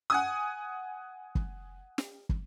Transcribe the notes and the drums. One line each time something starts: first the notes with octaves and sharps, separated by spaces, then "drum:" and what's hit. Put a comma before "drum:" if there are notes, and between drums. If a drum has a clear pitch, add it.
F#5 G#5 D#6
drum: kick
drum: snare
drum: kick